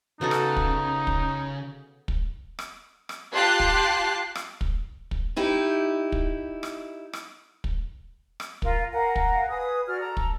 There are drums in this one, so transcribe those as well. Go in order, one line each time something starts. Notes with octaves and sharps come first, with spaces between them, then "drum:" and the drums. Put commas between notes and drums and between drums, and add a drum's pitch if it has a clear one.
C#3 B3 D#4 F#4 A4
drum: rim click
drum: kick
drum: kick
drum: kick
drum: rim click
drum: rim click
F4 G4 A5 C6 F#6 C7
drum: kick
drum: rim click
drum: kick
drum: kick
D#4 E4 G4
drum: kick
drum: rim click
drum: rim click
drum: kick
drum: rim click
F4 A#4 F5, drum: kick
A#4 F5 F#5 G#5
drum: kick
G#4 B4 D#6
F#4 G#4 D5 F6
A4 A#5
drum: kick